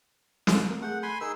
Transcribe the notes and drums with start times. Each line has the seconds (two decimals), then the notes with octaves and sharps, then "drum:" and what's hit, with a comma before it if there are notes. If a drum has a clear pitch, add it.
0.47 drum: snare
0.68 A3 A#4
0.82 A3 G#4 F#5 G6
1.03 G#5 B5 C6
1.21 D#4 G#4 A#4 E6